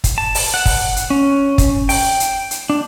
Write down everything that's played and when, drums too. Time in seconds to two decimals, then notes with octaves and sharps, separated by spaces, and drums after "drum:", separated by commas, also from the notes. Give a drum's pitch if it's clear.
0.04 drum: kick, hi-hat
0.18 A5
0.35 drum: open hi-hat
0.54 F#5
0.66 drum: kick, open hi-hat
0.96 drum: hi-hat
1.10 C#4
1.58 drum: kick, hi-hat
1.89 G5, drum: open hi-hat
2.20 drum: hi-hat
2.51 drum: hi-hat
2.70 D4